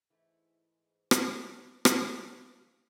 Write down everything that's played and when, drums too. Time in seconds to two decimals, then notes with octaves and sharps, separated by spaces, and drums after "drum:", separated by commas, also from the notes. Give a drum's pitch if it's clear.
0.10 G#2 E3 A3 E4
1.11 drum: rim click
1.85 C5 F5, drum: rim click
2.31 F3 G3 F5